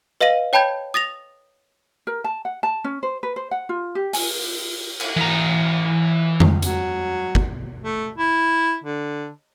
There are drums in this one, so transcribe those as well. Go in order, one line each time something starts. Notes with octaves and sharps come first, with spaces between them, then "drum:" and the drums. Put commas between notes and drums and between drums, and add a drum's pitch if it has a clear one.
B4 D#5 F5 A#6 D#7 F#7
C#5 G5 A5 B5 G6 G#6
D#6 A6 A#6 F7
A#4
A5
F#5
A5
C#4
C5
B4
C5
F#5
F4
G4
G#5, drum: open hi-hat
drum: cymbal
E3 A#5
drum: tom
F#3, drum: hi-hat
drum: kick
A3
E4
D3